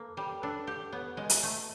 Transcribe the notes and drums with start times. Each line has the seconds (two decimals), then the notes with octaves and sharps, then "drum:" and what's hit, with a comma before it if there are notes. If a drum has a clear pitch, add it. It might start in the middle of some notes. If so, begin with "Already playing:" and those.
Already playing: A#3 A4 B4
0.17 G3
0.42 D4 A4 B4
0.67 G4
0.92 B3 B4 C#5
1.17 G#3
1.30 drum: hi-hat
1.43 A3